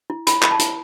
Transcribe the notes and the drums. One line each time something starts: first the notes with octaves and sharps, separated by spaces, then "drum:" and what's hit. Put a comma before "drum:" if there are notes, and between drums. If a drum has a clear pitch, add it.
E4
E4 B5, drum: hi-hat
E4 B5, drum: clap
A5
E4, drum: hi-hat